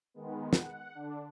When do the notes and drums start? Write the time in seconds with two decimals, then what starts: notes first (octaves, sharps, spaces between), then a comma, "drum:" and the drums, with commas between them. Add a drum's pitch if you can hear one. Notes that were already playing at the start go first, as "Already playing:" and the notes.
0.14 D#3 G#3 B3
0.53 F#5, drum: snare
0.94 D3 D4